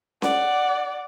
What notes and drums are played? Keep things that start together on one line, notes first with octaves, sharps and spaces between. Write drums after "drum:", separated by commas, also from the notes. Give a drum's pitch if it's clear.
D5 F#5, drum: snare C#4